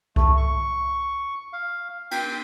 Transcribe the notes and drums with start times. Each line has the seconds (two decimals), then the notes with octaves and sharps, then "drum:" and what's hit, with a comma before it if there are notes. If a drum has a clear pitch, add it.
0.16 A3, drum: kick C2
0.37 C#6
1.53 F5
2.11 G5, drum: cymbal